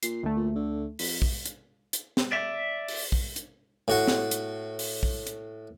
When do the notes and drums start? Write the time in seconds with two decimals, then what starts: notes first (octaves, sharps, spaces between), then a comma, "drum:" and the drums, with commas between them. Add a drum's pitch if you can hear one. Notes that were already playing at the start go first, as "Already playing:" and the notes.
0.03 A#2 C7, drum: hi-hat
0.23 D2 A3
0.37 A#2
0.55 D3
0.99 F2 B6, drum: open hi-hat
1.22 drum: kick A#1
1.46 drum: hi-hat
1.93 drum: hi-hat
2.17 drum: snare
2.32 D5 E5
2.88 drum: open hi-hat
3.12 drum: kick A#1
3.36 drum: hi-hat
3.88 A2 F#4 F#5
4.08 drum: snare
4.31 drum: hi-hat
4.79 drum: open hi-hat
5.03 drum: kick A#1
5.27 drum: hi-hat